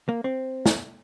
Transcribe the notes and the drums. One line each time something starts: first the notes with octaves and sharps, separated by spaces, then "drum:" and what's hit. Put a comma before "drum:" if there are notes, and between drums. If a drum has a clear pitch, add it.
A#3
C4
drum: snare